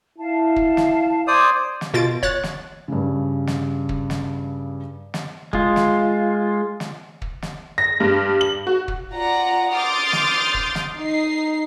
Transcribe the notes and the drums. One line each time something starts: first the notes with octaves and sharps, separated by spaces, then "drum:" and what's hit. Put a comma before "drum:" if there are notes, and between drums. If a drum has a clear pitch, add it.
E4 F5 A5
drum: kick
drum: snare
C5 D5 D6 D#6 G#6
drum: snare
B2 F4 A6 D7
C#5 F#6 A6, drum: kick
drum: snare
G2 C#3
drum: snare
drum: kick
drum: snare
drum: snare
G#3 F4, drum: kick
drum: snare
drum: snare
drum: kick
drum: snare
A#6
G2
F#7
F#4
drum: kick
F4 D5 F#5 A#5
C6 D6 D#6 F6 G6 A6
drum: snare
drum: kick
drum: snare
D#4 C7